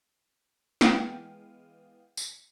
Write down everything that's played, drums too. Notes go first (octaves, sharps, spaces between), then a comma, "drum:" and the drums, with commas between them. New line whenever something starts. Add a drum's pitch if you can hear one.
E3 G#3 B3 F5 G5 D#7, drum: snare
drum: tambourine